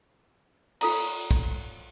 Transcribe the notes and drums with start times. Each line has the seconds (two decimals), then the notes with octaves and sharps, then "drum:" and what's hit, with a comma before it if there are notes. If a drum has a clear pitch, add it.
0.81 F4 A4 A#5, drum: cymbal
1.31 drum: kick